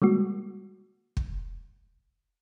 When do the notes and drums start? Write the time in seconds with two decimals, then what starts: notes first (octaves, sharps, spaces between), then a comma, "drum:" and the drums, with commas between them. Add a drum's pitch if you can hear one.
0.02 G3 G#3 A#3 F#4
1.17 drum: kick